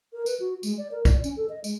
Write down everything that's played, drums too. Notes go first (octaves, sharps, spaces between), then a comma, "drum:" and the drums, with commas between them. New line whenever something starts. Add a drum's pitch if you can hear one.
A#4
B4, drum: tambourine
F#4
G#3, drum: tambourine
D5
A#4
D5, drum: kick, tambourine
C#4, drum: tambourine
A4
D#5
G#3, drum: tambourine